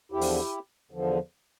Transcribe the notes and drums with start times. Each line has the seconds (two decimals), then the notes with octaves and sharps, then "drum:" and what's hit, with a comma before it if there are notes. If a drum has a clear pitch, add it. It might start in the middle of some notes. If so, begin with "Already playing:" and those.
0.12 E2 D3 F3 E4 G4
0.21 drum: open hi-hat
0.91 E2 D3 F3